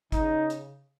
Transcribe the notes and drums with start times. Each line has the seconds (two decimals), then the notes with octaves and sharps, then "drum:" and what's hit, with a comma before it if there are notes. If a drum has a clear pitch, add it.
0.12 C#3 D#4, drum: kick, hi-hat
0.50 drum: hi-hat